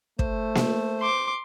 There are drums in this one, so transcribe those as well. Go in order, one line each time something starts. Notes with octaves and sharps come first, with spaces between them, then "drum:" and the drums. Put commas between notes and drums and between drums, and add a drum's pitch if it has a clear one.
A3 C5, drum: kick
drum: snare A#3
C6 D6